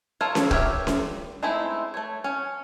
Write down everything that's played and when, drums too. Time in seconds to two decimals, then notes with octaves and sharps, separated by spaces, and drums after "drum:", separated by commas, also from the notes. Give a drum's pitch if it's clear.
0.21 F4 A4 A#4 C#5
0.35 drum: snare C#4
0.51 G4 A#4 C#5 E5, drum: kick
0.87 drum: snare C#4
1.43 G#3 A3 C4 D#4 E4
1.94 A3 C#5
2.24 C#4